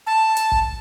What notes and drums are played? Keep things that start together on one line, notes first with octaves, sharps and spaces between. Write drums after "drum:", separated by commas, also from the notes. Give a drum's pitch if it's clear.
A5
drum: hi-hat
drum: kick